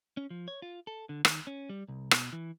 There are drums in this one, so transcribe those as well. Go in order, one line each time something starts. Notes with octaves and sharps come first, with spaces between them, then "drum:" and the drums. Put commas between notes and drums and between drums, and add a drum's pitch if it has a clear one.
C#4
F3
C#5
F4
A4
D3
D#3, drum: rim click
C#4
G3
C2
B2, drum: rim click
E3